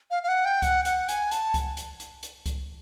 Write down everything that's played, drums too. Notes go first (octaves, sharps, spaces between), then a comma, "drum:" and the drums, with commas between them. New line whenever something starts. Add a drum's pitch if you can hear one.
F5
F5
F#5
G5
F#5, drum: kick C#2, hi-hat
F#5, drum: hi-hat
G#5, drum: hi-hat
A5, drum: hi-hat
drum: kick C#2, hi-hat
drum: hi-hat
drum: hi-hat
drum: hi-hat
drum: kick C#2, hi-hat